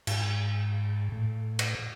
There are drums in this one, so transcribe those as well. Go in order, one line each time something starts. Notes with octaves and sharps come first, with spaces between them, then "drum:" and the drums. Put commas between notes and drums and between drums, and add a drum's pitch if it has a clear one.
G#2, drum: cymbal
A2
drum: cymbal